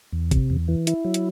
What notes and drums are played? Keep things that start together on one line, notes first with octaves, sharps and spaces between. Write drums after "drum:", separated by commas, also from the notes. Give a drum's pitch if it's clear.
E2
C3, drum: kick, hi-hat
E2
E3
E4, drum: hi-hat
F#3
drum: hi-hat